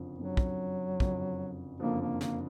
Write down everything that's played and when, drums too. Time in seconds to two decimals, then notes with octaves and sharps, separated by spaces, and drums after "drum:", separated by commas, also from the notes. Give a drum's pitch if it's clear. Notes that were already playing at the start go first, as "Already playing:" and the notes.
Already playing: F#1 F2 D3 F3
0.18 F#1 F2 D3 F3 F#3
0.37 drum: kick
1.00 F#1 F2 D3 F3, drum: kick
1.80 F#1 F2 D3 F3 A#3
2.01 A#3
2.21 A#3, drum: snare